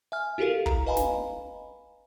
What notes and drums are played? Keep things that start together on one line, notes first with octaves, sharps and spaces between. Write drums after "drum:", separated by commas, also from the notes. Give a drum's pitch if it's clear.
E5 G#5 F6
E4 F#4 G4 A4 A#4 F5
A#5, drum: kick
B4 D#5 F5 G#5 A#5 B5
drum: snare